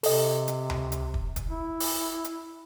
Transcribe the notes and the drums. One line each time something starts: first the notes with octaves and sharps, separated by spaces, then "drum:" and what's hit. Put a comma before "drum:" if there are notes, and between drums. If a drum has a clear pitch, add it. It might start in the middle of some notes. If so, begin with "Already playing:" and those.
C3 A4 D#5, drum: open hi-hat
drum: hi-hat
drum: tom C#2
drum: hi-hat
drum: kick
drum: kick, hi-hat
E4
drum: open hi-hat
drum: hi-hat